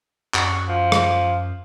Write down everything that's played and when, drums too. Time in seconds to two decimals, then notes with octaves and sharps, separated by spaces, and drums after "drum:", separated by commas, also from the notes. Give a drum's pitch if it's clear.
0.34 F#2 F#4, drum: clap
0.69 F3
0.92 drum: rim click